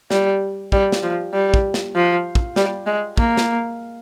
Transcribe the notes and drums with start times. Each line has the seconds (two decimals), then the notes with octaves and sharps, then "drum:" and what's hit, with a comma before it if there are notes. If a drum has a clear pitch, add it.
0.11 G3, drum: snare
0.72 G3, drum: kick
0.92 drum: snare
1.03 F3
1.33 G3
1.54 drum: kick
1.74 drum: snare
1.95 F3
2.35 drum: kick
2.56 G3, drum: snare
2.86 G#3
3.18 A#3, drum: kick
3.37 drum: snare